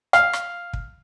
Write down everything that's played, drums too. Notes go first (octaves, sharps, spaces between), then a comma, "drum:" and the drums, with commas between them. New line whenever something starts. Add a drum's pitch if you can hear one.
F5, drum: rim click
drum: rim click
drum: kick